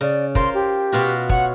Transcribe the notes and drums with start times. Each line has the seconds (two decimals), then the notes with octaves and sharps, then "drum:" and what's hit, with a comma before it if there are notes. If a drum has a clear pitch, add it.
0.01 C#3 D5
0.35 F4 A#4 C5 C6, drum: kick
0.54 G4
0.92 B2 F4 F#4
1.29 C#5 F#5, drum: kick